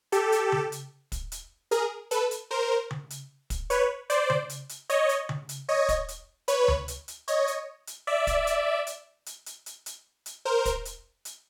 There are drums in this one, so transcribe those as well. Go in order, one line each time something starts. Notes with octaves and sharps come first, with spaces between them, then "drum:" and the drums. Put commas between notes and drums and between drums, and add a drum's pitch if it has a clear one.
G4 A4, drum: hi-hat
drum: hi-hat
drum: tom C#3
drum: hi-hat
drum: kick, hi-hat
drum: hi-hat
G#4 A#4, drum: hi-hat
A4 B4, drum: hi-hat
drum: hi-hat
A#4 C5
drum: tom C#3
drum: hi-hat
drum: kick, hi-hat
B4 C#5, drum: hi-hat
C5 D5, drum: hi-hat
drum: tom C#3
drum: hi-hat
drum: hi-hat
C#5 D#5, drum: hi-hat
drum: hi-hat
drum: tom C#3
drum: hi-hat
C#5 D#5
drum: kick, hi-hat
drum: hi-hat
B4 C#5, drum: hi-hat
drum: tom D2
drum: hi-hat
drum: hi-hat
C#5 D#5, drum: hi-hat
drum: hi-hat
drum: hi-hat
D5 E5
drum: kick, hi-hat
drum: hi-hat
drum: hi-hat
drum: hi-hat
drum: hi-hat
drum: hi-hat
drum: hi-hat
drum: hi-hat
A#4 C5
drum: kick, hi-hat
drum: hi-hat
drum: hi-hat